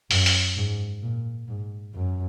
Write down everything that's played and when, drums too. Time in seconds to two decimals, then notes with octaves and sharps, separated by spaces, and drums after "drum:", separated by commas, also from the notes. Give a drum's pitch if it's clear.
0.11 F#2, drum: open hi-hat
0.26 drum: open hi-hat
0.56 G#2
1.02 A#2
1.48 G#2
1.95 F#2